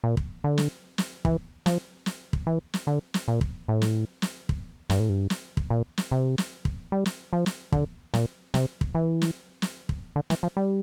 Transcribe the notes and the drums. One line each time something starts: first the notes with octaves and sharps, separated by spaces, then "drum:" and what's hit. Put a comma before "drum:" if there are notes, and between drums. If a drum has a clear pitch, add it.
A#2
drum: kick
D3
drum: snare
drum: snare
E3, drum: kick
F3, drum: snare
drum: snare
drum: kick
E3
drum: snare
D3
drum: snare
A#2
drum: kick
A2
drum: snare
drum: snare
drum: kick
G2, drum: snare
A2
G2
drum: snare
drum: kick
A#2
drum: snare
C3
drum: snare
drum: kick
G3
drum: snare
F3
drum: snare
D3, drum: kick
A#2, drum: snare
C3, drum: snare
drum: kick
E3
drum: snare
drum: snare
drum: kick
D3
E3, drum: snare
F3
G3